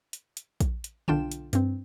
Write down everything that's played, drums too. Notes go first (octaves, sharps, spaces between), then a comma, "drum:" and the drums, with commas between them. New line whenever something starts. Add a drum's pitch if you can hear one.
drum: hi-hat
drum: hi-hat
drum: kick, hi-hat
drum: hi-hat
B1 D3 D4 F4 G5 E7, drum: tom D3
drum: hi-hat
G2 C4, drum: hi-hat